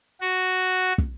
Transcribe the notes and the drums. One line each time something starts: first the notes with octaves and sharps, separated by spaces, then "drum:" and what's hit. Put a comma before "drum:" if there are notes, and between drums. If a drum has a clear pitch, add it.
F#4
drum: kick